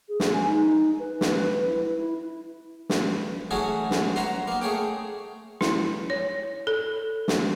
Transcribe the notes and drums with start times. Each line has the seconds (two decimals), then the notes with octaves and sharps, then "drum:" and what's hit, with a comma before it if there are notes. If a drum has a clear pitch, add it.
0.08 G#4
0.20 drum: snare
0.33 G#5
0.46 D#4
0.99 B4
1.21 drum: snare
1.31 B4
1.66 E4
1.95 E4
2.90 drum: snare
3.51 E3 F#3 A3 C#4 F#4 G#4
3.91 drum: snare
4.16 B4 C#5 E5 F#5 A#5 C6
4.47 A#3 B3
4.61 A3 G#4 C#5 G5
5.61 E4, drum: snare
6.10 C#5
6.67 A4
7.28 drum: snare